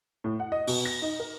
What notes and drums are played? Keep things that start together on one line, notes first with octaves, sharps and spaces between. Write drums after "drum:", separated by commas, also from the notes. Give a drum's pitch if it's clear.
A2
F#5
D#5
B2, drum: open hi-hat
A#6
D#4
A#4